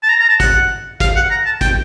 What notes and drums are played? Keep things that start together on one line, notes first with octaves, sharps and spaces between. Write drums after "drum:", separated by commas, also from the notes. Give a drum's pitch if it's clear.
A5
A#5
A#5
A5
F#5, drum: kick, hi-hat
F5, drum: kick, hi-hat
F#5
A#5
A5
G5, drum: kick, hi-hat